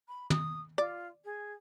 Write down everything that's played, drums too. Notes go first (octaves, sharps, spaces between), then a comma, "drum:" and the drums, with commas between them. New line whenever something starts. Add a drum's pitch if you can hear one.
B5
D#6, drum: tom
F4 D5
G#4